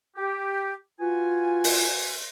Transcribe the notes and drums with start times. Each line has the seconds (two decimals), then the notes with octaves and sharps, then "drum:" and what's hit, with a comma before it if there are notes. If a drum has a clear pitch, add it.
0.17 G4
1.00 F4 F#4 B4 G#5
1.64 drum: open hi-hat